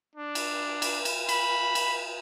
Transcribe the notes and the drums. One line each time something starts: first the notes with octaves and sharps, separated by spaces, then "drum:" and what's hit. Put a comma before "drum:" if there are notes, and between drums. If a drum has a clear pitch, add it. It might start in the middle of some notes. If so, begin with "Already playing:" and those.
D4
drum: cymbal
drum: cymbal
drum: cymbal
B5, drum: cymbal
drum: cymbal